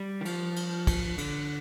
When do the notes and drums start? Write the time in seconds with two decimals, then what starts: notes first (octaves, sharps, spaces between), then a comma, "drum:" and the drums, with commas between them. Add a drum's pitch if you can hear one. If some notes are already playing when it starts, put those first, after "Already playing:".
Already playing: G3
0.21 D#3
0.25 F3, drum: cymbal
0.56 drum: cymbal
0.87 drum: kick, cymbal
1.18 D3, drum: cymbal